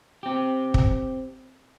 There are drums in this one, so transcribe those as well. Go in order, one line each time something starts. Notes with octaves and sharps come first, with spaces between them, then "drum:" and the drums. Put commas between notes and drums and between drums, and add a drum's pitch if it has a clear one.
C4 G4
drum: kick